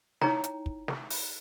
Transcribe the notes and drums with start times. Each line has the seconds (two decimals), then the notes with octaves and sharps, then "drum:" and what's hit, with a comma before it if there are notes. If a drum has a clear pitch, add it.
0.21 D#4 E4 C#5 G5 A#5, drum: snare
0.44 drum: hi-hat
0.66 drum: kick
0.88 drum: snare
1.10 drum: open hi-hat